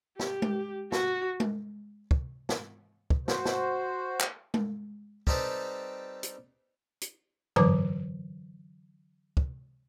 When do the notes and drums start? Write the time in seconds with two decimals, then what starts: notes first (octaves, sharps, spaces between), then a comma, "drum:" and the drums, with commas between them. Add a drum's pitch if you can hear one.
0.19 G4, drum: snare
0.42 drum: tom G#3
0.92 F#4, drum: snare
1.40 drum: tom G#3
2.11 drum: kick
2.49 drum: snare
3.10 drum: kick
3.28 F#4 C5, drum: snare
3.45 drum: snare
4.21 drum: clap
4.54 drum: tom G#3
5.27 G3 C4 D#4 A4 B4, drum: kick
6.23 drum: hi-hat
7.01 drum: hi-hat
7.56 D3 E3 F#3 B4 A5 D6, drum: tom F#2
9.37 drum: kick